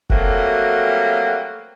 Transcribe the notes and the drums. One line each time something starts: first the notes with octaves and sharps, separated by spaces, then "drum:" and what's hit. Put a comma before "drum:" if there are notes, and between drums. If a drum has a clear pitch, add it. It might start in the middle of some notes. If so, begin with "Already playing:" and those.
F#3 G3 A3 A#3 C4 F#4, drum: kick